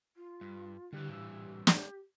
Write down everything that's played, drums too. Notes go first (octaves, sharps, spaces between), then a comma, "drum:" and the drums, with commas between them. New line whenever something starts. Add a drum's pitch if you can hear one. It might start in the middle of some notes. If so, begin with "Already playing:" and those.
F4
G2 G3
G2 D3 E3 G4 F#6
A2 G4 E6
G4, drum: snare